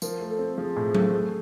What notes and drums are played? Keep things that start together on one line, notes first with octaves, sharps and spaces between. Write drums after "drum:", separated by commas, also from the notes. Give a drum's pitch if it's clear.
F3 A#4, drum: tambourine
A3
A4
C4
F3 G#4
A2
A3, drum: tom F#3
A3